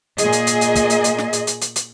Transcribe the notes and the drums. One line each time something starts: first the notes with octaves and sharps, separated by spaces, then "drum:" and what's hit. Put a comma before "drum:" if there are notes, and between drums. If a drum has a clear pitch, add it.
A#2 G#4 D#5, drum: hi-hat
drum: hi-hat
drum: hi-hat
drum: hi-hat
drum: kick, hi-hat
drum: hi-hat
drum: hi-hat
drum: snare
drum: hi-hat
drum: hi-hat
drum: hi-hat
drum: hi-hat